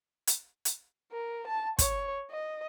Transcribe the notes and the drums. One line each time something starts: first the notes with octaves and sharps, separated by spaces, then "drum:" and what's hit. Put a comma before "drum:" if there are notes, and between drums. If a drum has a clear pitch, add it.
drum: hi-hat
drum: hi-hat
A#4
A5
C#5, drum: kick, hi-hat
D#5